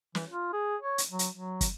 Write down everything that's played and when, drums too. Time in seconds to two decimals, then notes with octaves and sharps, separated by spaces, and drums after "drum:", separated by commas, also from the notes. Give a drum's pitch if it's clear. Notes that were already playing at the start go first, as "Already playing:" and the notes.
0.15 E3, drum: snare
0.29 F4
0.53 G#4
0.82 C#5
0.98 drum: hi-hat
1.10 F#3
1.19 drum: hi-hat
1.34 F#3
1.61 drum: kick, hi-hat